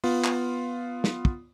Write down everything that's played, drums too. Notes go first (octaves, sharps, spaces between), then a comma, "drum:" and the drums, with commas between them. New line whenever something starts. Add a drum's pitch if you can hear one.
B3 F4, drum: open hi-hat
drum: clap
drum: snare
drum: kick